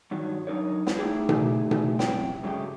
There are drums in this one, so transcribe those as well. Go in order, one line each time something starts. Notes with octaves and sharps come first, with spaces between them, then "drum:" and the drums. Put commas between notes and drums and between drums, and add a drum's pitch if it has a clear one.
G2 D#3 F#3
F#3 D4 D#4 A#4 C#5
drum: snare
A3 D#4 E4 G4 G#4
drum: tom B2
drum: tom B2
F#2 C3 G#3 D4 G5, drum: snare
G2 C#3 F#3 G#3 A3 G4